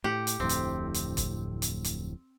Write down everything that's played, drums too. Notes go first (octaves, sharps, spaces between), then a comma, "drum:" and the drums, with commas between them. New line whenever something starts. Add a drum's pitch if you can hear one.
A2 G4 F#5
drum: hi-hat
D1 F2 A2 C4
drum: hi-hat
drum: hi-hat
drum: kick, hi-hat
drum: hi-hat
drum: hi-hat